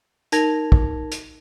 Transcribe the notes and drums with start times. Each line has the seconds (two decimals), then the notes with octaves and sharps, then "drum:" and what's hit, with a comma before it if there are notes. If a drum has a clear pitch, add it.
0.32 D#4 A#4 A5 G#6 A#6 F7, drum: hi-hat
0.72 drum: kick
1.12 drum: hi-hat